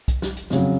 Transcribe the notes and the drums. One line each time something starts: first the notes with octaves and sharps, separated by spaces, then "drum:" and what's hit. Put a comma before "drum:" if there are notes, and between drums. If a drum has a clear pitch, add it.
drum: kick B1, hi-hat
drum: snare
drum: hi-hat
F2 C#3 F#3, drum: snare